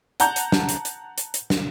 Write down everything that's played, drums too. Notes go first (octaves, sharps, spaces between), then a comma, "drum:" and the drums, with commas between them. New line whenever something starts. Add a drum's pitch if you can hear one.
F#5 A5 A#5 G6, drum: hi-hat
drum: hi-hat
drum: snare
drum: hi-hat
drum: hi-hat
drum: hi-hat
drum: hi-hat
drum: snare